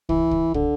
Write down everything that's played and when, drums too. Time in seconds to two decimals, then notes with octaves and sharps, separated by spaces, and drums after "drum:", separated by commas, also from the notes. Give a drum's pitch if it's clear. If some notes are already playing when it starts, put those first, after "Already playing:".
0.09 E3, drum: kick
0.31 drum: kick
0.54 D3, drum: kick